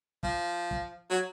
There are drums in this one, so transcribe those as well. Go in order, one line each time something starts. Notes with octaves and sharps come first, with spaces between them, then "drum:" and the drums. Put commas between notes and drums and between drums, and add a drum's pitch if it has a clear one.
F3, drum: kick
drum: kick
F#3